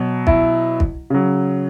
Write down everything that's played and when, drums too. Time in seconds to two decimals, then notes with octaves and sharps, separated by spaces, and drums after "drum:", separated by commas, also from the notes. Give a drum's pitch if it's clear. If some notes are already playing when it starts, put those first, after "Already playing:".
Already playing: B2 F#3
0.27 E4, drum: kick
0.80 drum: kick
1.10 C#3 F#3